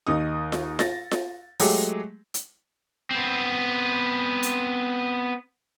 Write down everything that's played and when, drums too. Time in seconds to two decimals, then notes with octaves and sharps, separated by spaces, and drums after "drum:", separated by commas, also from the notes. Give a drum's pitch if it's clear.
0.07 D#2 D#3 D#4 D#6
0.52 drum: snare F4
0.79 A6 A#6, drum: snare F4
1.11 drum: snare F4
1.60 F#3 G#3 A3 G4 G#4, drum: open hi-hat
2.34 drum: hi-hat
3.11 B3 C4
4.43 drum: hi-hat